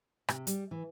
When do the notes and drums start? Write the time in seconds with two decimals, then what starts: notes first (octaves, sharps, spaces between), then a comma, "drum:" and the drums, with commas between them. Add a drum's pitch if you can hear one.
0.28 C3, drum: rim click
0.47 G3, drum: hi-hat
0.71 E3